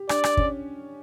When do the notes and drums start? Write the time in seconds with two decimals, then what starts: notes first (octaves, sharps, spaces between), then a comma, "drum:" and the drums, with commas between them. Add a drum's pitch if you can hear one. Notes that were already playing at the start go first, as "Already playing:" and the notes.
Already playing: G4
0.09 D4 D5, drum: rim click
0.24 drum: rim click
0.37 C#4, drum: kick